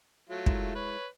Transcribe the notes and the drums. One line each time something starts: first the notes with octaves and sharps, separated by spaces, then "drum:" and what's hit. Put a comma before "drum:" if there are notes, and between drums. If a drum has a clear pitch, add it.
F#3 A3 F4
G#3 E4 A#4, drum: kick
B4 C#5